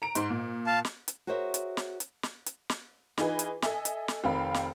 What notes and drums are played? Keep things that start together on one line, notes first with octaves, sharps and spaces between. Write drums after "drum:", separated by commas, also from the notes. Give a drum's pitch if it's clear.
A#5 D7
G#2 C6, drum: hi-hat
A#2
F5 A5
drum: snare
drum: hi-hat
F#4 G#4 A#4 C5 C#5 E5
drum: hi-hat
drum: snare
drum: hi-hat
drum: snare
drum: hi-hat
drum: snare
E3 D#4 F4 G#4 B4, drum: snare
drum: hi-hat
A4 D#5 E5 G#5, drum: snare
drum: hi-hat
drum: snare
F1 D#3 C4 F5 B5
drum: snare